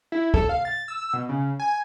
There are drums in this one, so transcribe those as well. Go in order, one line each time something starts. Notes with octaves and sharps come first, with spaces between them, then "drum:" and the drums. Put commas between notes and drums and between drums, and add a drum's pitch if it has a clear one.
E4
A4, drum: kick
F5
A6
E6
B2
C#3
G#5